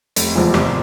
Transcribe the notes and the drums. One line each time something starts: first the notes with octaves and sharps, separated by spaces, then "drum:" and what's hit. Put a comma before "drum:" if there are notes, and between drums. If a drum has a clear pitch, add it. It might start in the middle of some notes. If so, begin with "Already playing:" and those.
F1, drum: hi-hat
E2 C3 F3 G#3
G#1, drum: rim click